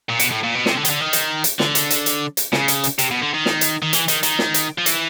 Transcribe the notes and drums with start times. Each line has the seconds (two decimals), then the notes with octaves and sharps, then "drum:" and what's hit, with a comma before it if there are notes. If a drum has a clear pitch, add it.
0.09 A#2
0.19 B2, drum: hi-hat
0.32 A2
0.44 A#2
0.55 B2
0.66 C3, drum: snare
0.77 D3
0.85 D#3, drum: hi-hat
0.90 D3
1.01 D#3
1.13 drum: hi-hat
1.44 drum: hi-hat
1.60 D3, drum: snare
1.75 drum: hi-hat
1.90 drum: hi-hat
2.06 drum: hi-hat
2.37 drum: hi-hat
2.53 C#3, drum: snare
2.68 drum: hi-hat
2.84 drum: hi-hat
2.99 C3, drum: hi-hat
3.11 B2
3.22 D3
3.34 D#3
3.46 drum: snare
3.61 drum: hi-hat
3.82 D#3
3.93 E3, drum: hi-hat
4.08 D#3, drum: hi-hat
4.23 D#3, drum: hi-hat
4.39 drum: snare
4.54 drum: hi-hat
4.78 F3
4.86 E3, drum: hi-hat